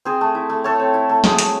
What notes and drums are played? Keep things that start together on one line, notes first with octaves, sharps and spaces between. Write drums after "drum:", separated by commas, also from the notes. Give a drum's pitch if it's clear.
C4 G#4 C5
A3
E4
A3
A3 A4 C#5
C4
E4
A3
F#3 G#4 C5, drum: snare
F#3, drum: hi-hat